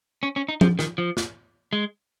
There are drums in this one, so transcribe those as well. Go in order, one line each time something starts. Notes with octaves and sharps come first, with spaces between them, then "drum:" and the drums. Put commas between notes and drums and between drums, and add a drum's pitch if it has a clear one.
C#4
C#4
D#4
F3, drum: tom F3
D#3, drum: snare
F3
drum: snare
G#3